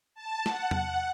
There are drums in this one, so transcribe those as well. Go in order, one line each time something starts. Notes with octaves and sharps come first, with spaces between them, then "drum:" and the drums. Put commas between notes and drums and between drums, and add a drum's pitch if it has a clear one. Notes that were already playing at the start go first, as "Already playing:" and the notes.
A5
F#5, drum: snare
drum: tom E2